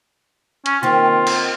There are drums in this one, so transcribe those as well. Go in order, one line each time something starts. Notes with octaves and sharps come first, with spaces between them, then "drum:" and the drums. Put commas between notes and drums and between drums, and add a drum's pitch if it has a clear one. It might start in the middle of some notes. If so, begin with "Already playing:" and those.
C#4, drum: hi-hat
D#3 A#3 C4 F4
drum: cymbal